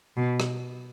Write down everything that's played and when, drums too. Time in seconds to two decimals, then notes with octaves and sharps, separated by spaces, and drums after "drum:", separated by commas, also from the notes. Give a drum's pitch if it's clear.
0.17 B2
0.40 drum: rim click